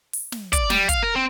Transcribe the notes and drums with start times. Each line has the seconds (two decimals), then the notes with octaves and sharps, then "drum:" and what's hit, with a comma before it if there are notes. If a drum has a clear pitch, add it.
0.13 drum: open hi-hat
0.32 drum: snare
0.53 D5, drum: kick, hi-hat
0.70 G3, drum: snare
0.89 F5, drum: kick, hi-hat
1.03 A#4
1.16 C4